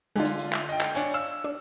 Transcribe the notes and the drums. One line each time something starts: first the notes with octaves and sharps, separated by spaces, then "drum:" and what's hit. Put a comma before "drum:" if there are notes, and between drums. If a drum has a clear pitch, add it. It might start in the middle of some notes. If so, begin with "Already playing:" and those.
D3 G#3 D4 D#4 F4
drum: hi-hat
drum: hi-hat
E5, drum: clap
D#5 G5
drum: clap
D4 C#5 G#5, drum: hi-hat
F5 E6
D4